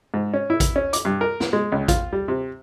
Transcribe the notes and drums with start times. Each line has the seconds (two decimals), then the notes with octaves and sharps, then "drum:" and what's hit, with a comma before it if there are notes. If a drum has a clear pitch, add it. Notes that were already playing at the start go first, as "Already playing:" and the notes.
0.14 G#2
0.34 C#4
0.50 E4
0.60 drum: kick A1, hi-hat
0.76 C#4
0.93 D6, drum: hi-hat
1.05 G2
1.21 A#4
1.40 drum: snare
1.53 G#3
1.72 C#2
1.88 F4, drum: kick A1, hi-hat
2.13 G3
2.28 C3